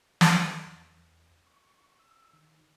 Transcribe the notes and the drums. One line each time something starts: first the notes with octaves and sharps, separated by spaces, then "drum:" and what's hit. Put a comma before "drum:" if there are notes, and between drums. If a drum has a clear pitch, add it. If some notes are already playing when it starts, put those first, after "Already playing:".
B3, drum: snare
E2
C#6
E6
D#3